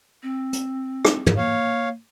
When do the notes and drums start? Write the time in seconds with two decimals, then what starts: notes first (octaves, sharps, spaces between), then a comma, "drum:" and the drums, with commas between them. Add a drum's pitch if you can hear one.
0.23 C4
0.53 drum: hi-hat
1.05 drum: rim click
1.26 drum: tom
1.37 A#3 C#5 F5